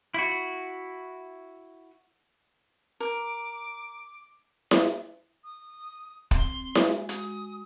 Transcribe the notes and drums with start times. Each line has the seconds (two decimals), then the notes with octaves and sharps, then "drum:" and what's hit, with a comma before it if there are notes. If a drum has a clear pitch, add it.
0.14 E4 F#4
3.00 A#4 D6
4.71 drum: snare E4
5.44 D#6
6.31 C4 C6, drum: kick
6.75 G#3 F#4, drum: snare E4
7.09 D#6, drum: hi-hat